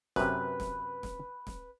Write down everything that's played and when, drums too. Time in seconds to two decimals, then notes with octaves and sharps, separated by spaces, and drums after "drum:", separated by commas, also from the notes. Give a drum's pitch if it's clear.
0.16 F#2 C3 B4, drum: snare
0.60 drum: snare
1.03 drum: snare
1.47 drum: snare